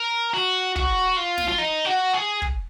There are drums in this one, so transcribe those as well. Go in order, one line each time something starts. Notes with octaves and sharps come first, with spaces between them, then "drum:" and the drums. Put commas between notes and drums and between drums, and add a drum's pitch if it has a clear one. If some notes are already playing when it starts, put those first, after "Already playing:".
Already playing: A#4
F#4
F#4, drum: kick
F4
drum: snare
F4
D#4
F#4
G#4
drum: kick